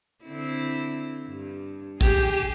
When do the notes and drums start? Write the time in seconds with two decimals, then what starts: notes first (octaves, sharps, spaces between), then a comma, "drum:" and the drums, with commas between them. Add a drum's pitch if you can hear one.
0.24 D3 C4 E4
1.26 G2
2.01 G4 G#4, drum: kick